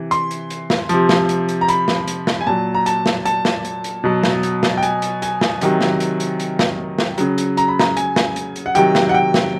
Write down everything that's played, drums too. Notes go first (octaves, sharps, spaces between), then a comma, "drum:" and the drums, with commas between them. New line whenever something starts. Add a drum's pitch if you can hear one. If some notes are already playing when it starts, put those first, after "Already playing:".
Already playing: C3 E3
C6, drum: hi-hat
drum: hi-hat
drum: hi-hat
drum: snare
C3 F3, drum: hi-hat
drum: snare
drum: hi-hat
drum: hi-hat
A#5
B5, drum: hi-hat
drum: snare
drum: hi-hat
drum: snare
G#5
A#2 F#3 A5
A#5
A5, drum: hi-hat
drum: snare
A5, drum: hi-hat
drum: snare
drum: hi-hat
drum: hi-hat
B2 F#3
drum: snare
drum: hi-hat
drum: snare
G5
G#5, drum: hi-hat
drum: hi-hat
G#5, drum: hi-hat
drum: snare
C3 D#3 F#3, drum: hi-hat
drum: snare
drum: hi-hat
drum: hi-hat
drum: hi-hat
drum: snare
drum: snare
C#3 F#3, drum: hi-hat
drum: hi-hat
A#5, drum: hi-hat
B5
A#5, drum: snare
G#5, drum: hi-hat
drum: snare
drum: hi-hat
drum: hi-hat
F#5
C3 D#3 F#3 G5, drum: hi-hat
drum: snare
F#5
G5
drum: snare